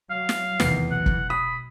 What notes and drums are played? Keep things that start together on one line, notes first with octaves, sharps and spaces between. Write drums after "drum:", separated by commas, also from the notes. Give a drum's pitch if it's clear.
F#3 F5
drum: snare
F1 B1 E2 D#3 C7, drum: snare
B2 F#5
drum: kick
B5 D#6